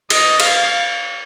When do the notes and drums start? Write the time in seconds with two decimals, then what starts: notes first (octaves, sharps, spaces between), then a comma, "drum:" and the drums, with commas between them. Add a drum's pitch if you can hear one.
0.10 D#5, drum: cymbal
0.40 F5, drum: cymbal